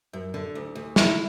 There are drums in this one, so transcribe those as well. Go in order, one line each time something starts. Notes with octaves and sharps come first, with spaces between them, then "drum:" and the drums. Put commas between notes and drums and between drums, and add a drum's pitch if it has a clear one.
F#2
D3
D2
D2
E4, drum: snare